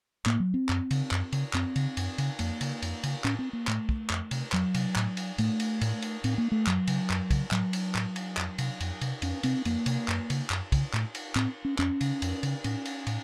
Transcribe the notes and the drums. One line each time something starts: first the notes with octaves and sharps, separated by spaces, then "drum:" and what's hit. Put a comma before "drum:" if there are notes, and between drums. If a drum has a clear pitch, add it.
A2 A#3, drum: clap
F#3
C4
F#2, drum: clap
C#3, drum: cymbal
F#2, drum: clap
C#3, drum: cymbal
F#2 C4, drum: clap
C#3, drum: cymbal
F#2, drum: cymbal
C#3, drum: cymbal
F2 A#3, drum: cymbal
C#3, drum: cymbal
F2, drum: cymbal
C#3, drum: cymbal
A2 C#4, drum: clap
C4
A#3
A2 A3, drum: clap
drum: kick
F2, drum: clap
C3, drum: cymbal
F2 F#3, drum: clap
C3, drum: cymbal
A2, drum: clap
drum: cymbal
A2 A3, drum: cymbal
drum: cymbal
A2, drum: cymbal
drum: cymbal
A2 C4, drum: cymbal
A#3
A3
F#2 F#3, drum: clap
C#3, drum: cymbal
F#2, drum: clap
C#3, drum: kick, cymbal
A2 F#3, drum: clap
drum: cymbal
A2, drum: clap
drum: cymbal
F2, drum: clap
C3, drum: cymbal
F2, drum: cymbal
C3, drum: cymbal
F2 C#4, drum: cymbal
C3 C4, drum: cymbal
F2 A#3, drum: cymbal
C3, drum: cymbal
F#2, drum: clap
C#3, drum: cymbal
F#2, drum: clap
C#3, drum: kick, cymbal
A2, drum: clap
drum: cymbal
A2 C4, drum: clap
C#4
F2 C#4, drum: clap
C#3, drum: cymbal
F2, drum: cymbal
C#3, drum: cymbal
A2 C#4, drum: cymbal
drum: cymbal
A2, drum: cymbal